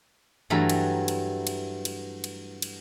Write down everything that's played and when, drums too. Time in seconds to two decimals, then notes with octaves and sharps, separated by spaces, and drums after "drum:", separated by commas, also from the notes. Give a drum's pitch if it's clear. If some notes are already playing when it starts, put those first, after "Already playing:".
0.50 G2 E3 F#3 A3 A#4 B5
0.69 drum: cymbal
1.08 drum: cymbal
1.47 drum: cymbal
1.85 drum: cymbal
2.24 drum: cymbal
2.62 drum: cymbal